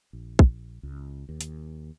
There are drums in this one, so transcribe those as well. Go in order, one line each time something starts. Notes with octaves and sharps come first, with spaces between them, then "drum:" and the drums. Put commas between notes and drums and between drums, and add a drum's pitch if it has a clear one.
A#1
drum: kick
C#2
D#2
drum: hi-hat